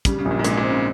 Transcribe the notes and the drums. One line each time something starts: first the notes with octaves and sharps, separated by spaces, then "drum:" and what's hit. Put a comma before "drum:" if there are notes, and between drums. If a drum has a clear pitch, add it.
C#3 G3, drum: kick, hi-hat
C#3
A#1
A#2
G#2
A#2 G#3, drum: hi-hat
A#2
C4
C#3